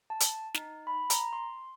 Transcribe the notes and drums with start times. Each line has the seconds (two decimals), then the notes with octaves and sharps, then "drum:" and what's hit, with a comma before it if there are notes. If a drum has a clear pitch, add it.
0.10 A5
0.20 drum: hi-hat
0.54 D#4, drum: snare
0.87 B5
1.10 A#5, drum: hi-hat
1.33 C6